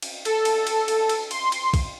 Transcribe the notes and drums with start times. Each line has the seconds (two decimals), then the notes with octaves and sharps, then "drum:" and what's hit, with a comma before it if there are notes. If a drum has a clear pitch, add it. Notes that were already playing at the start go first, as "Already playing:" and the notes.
0.02 drum: cymbal
0.25 A4, drum: cymbal
0.45 drum: cymbal
0.67 drum: cymbal
0.88 drum: cymbal
1.09 drum: cymbal
1.31 C6, drum: cymbal
1.52 drum: cymbal
1.74 drum: kick, cymbal